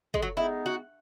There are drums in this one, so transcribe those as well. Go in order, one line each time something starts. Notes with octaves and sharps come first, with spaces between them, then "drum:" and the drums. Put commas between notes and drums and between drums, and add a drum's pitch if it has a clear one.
G#3, drum: kick
F#3
G#3 B3 D#4 E4 G#4
F#4